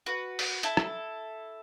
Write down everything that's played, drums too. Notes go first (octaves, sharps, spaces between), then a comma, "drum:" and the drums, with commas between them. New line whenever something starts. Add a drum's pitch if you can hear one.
F#4 B4
drum: open hi-hat
E4 A4, drum: hi-hat
drum: rim click